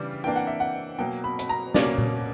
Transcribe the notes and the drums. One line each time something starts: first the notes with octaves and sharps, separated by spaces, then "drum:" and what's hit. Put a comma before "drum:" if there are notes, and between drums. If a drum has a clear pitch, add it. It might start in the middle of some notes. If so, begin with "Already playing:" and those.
Already playing: C#3 E3 G3 D4 D5
E3 A#3 D4 G5
F#5
E5
F#5
B2 F#3 A#3 G5
B5
B5, drum: hi-hat
A#5
B2 A#3 C#4 D5, drum: snare
drum: tom A#2